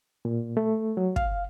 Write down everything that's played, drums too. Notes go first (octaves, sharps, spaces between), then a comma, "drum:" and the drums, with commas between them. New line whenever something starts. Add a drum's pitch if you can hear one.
A#2
A3
F#3
F5, drum: kick